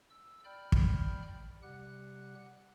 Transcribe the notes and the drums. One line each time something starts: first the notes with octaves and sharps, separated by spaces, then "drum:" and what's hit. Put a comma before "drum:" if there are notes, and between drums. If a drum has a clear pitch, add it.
E6
D5 G5 B5 F6 G6
drum: kick
C3 G3 G4 F#5 F#6